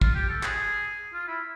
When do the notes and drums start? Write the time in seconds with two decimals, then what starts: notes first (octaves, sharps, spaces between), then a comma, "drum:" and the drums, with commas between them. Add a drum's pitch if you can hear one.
0.01 F4, drum: kick
0.15 G4
0.29 A4
0.43 G#4, drum: clap
1.14 F4
1.27 E4